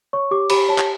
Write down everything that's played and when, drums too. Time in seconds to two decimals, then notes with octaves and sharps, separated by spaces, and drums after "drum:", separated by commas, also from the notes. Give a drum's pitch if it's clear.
0.13 C#5 C#6
0.31 G4 D6
0.50 G4 B5, drum: cymbal
0.68 C#5 A5
0.78 drum: clap